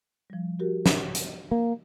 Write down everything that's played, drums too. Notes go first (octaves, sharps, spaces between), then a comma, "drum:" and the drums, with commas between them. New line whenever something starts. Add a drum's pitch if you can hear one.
F3 G3
F#4 G4 A#4
C#5 E5, drum: snare
drum: hi-hat
A#3